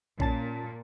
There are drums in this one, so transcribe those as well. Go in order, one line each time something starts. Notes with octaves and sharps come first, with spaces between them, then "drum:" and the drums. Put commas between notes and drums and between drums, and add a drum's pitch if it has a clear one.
A#2 C#4 A5 A6, drum: kick A#1